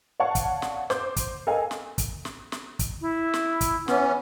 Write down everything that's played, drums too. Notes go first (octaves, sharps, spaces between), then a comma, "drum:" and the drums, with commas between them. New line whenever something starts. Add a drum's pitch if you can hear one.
C#5 D5 F5 F#5 A5 C#6
drum: kick, hi-hat
drum: snare
C5 D6 G6, drum: snare
drum: kick, hi-hat
A4 A#4 D#5 F5 G#5
drum: snare
drum: kick, hi-hat
drum: snare
drum: snare
drum: kick, hi-hat
E4
drum: snare
drum: kick, hi-hat
E3 B3 C#4, drum: snare